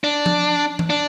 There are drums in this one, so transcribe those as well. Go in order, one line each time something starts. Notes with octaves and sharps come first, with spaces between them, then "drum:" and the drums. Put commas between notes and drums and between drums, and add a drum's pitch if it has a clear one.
D4
drum: tom F3
drum: tom E3
D4